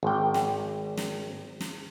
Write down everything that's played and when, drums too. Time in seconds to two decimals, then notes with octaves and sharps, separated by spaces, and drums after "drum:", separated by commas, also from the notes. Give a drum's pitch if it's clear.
0.03 G#1 G5
0.34 drum: snare
0.97 drum: snare
1.61 drum: snare